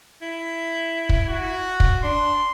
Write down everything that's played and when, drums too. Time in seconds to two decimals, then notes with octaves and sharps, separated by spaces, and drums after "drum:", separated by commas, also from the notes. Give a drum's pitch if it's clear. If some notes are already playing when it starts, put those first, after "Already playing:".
0.22 E4
1.09 drum: kick
1.29 F#4
1.80 drum: kick
2.03 D4 C6